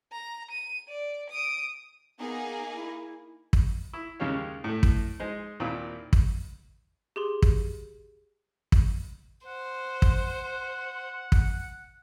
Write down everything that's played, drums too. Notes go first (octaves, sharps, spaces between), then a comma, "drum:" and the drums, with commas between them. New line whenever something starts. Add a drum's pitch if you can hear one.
A#5
D#7
D5
D#6 D7
A#3 B3 D#4 G#4
E4
drum: kick
E4
D#2 C#3 G#3 G4 C#5 F5
A2 A3
drum: kick
G#3 D#4 C5
D#2 A#2 C4 E4 F4 B5
drum: kick
G4 G#4 C6
drum: kick
drum: kick
C5 F#5
drum: kick
drum: kick